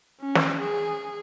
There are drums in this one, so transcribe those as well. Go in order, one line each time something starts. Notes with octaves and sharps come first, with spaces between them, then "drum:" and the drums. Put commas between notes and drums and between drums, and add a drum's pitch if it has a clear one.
C#4
drum: snare
G#4